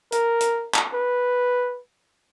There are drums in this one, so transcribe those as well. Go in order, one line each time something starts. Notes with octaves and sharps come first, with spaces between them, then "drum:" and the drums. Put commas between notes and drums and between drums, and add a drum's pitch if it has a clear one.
A#4, drum: hi-hat
drum: hi-hat
drum: clap
B4